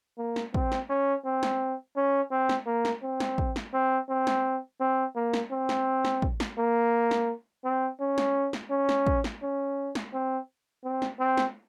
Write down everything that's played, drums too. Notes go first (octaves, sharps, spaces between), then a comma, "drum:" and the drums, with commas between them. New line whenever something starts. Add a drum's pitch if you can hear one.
A#3
drum: snare
C4, drum: kick
drum: snare
C#4
C4
drum: snare
C#4
C4
drum: snare
A#3
drum: snare
C4
drum: snare
drum: kick
drum: snare
C4
C4
drum: snare
C4
A#3
drum: snare
C4
drum: snare
drum: snare
drum: kick
drum: snare
A#3
drum: snare
C4
C#4
drum: snare
drum: snare
C#4
drum: snare
drum: kick
drum: snare
C#4
drum: snare
C4
C4
drum: snare
C4
drum: snare